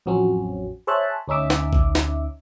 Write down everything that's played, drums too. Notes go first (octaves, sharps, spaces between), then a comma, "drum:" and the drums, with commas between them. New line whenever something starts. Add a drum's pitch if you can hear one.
A1 F2 F#3 C4 C#4
G#4 C5 C#5 E5 A5 F#6
D2 C#4 D#4 E5 D6
drum: snare
drum: kick A1
drum: snare